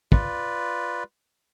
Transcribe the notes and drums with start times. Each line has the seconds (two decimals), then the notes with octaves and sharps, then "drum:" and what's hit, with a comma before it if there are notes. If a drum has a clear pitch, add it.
0.12 F4 B4 D5, drum: kick